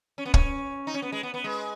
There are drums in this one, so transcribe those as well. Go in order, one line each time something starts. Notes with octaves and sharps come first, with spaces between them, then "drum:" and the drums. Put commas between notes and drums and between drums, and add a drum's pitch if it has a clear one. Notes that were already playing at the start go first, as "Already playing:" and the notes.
C#4
B3
C#4, drum: kick
D#4
C#4
B3
G#3
B3
B3
G#3